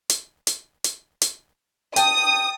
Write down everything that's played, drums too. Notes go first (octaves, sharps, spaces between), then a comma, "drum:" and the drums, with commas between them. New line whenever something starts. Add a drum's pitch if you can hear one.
drum: hi-hat
drum: hi-hat
drum: hi-hat
drum: hi-hat
G5 A5 D#6, drum: hi-hat